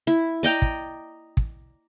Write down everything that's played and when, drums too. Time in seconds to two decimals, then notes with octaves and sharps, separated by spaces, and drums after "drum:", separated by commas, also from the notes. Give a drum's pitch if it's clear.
0.07 E4
0.43 D5 D#5 G5 A#5
0.62 drum: kick
1.37 drum: kick